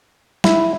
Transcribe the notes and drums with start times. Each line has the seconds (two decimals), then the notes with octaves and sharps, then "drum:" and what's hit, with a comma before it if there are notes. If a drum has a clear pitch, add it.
0.44 E4, drum: snare